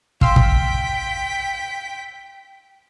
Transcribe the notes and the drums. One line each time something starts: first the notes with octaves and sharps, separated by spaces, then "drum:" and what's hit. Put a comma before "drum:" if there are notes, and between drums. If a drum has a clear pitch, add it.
F5 G5 C6 E6 B6, drum: kick
drum: kick